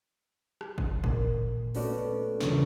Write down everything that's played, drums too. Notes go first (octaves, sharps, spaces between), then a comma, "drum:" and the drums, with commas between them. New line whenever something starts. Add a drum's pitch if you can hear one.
drum: rim click
drum: kick
A#2, drum: kick
A3 B3 C#4 F#4 D5, drum: open hi-hat
E1 C#2 C#3 C#6, drum: snare